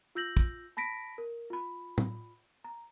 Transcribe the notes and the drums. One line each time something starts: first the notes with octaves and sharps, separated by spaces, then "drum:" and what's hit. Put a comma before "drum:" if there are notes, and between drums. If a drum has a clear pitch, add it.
F4 E6 G6 A#6 F#7
drum: kick
A5 B5 A#6 B6 D7
A#4
F4 B5
drum: tom
A#5